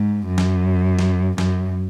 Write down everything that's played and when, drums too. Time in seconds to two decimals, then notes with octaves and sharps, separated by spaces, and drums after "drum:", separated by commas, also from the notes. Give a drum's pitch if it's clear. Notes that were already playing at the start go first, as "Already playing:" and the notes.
Already playing: G#2
0.27 F#2
0.38 drum: snare
0.99 drum: snare
1.38 F#2, drum: snare